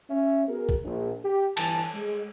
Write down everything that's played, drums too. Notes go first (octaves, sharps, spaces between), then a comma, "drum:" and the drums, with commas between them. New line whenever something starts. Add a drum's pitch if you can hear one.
C#4 E5
B3 F#4 G#4 A#4
drum: kick
A#1
G4
G1 E3 G#5 A5, drum: cymbal
G#3